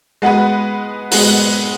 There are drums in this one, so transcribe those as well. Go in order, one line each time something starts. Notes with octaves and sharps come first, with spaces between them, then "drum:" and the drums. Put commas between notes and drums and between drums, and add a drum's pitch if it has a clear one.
G#3 B3 F#4 B4
G#3 B3 F#4 B4, drum: open hi-hat